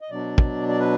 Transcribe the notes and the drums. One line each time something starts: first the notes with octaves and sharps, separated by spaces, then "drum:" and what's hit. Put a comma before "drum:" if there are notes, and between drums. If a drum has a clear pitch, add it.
D#5
B2 F#3 D4 D5
drum: kick
D5
B4